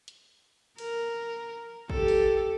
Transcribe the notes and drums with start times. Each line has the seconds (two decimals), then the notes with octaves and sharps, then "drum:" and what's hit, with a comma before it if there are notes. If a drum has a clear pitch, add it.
0.08 drum: hi-hat
0.78 A#4, drum: cymbal
1.90 G4 A4, drum: kick
2.08 drum: open hi-hat